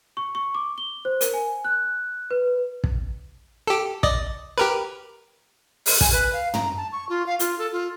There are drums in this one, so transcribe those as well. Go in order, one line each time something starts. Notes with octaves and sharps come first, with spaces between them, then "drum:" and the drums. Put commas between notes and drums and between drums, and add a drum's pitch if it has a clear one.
C#6
C#6
D6
G7
C5
A#4, drum: hi-hat
G#5
F#6
B4
drum: kick
G4 A4
D5 D#5, drum: kick
G4 A#4 B4
drum: open hi-hat
G#5, drum: kick
B4
F5
A#5, drum: tom
A5
C#6
F4
F5
F4, drum: hi-hat
A4
F4